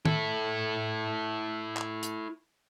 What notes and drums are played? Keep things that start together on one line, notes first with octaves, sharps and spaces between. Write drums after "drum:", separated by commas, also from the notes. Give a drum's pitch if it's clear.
E4 A4, drum: tom D#3
drum: clap
drum: hi-hat